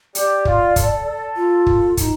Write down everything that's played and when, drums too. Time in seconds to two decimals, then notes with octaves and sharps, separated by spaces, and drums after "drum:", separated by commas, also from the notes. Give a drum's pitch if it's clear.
0.15 G4 D5, drum: hi-hat
0.45 F4, drum: kick
0.76 A4, drum: kick, hi-hat
1.06 A4
1.36 F4
1.66 drum: kick
1.97 F4, drum: kick, hi-hat
2.01 D#4